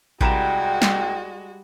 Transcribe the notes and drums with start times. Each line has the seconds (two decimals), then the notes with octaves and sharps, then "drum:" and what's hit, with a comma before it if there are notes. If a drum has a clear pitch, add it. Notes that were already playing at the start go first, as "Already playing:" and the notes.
0.21 C2 G3 G#3 F#4 G5 A#5 E7, drum: kick A1
0.82 drum: snare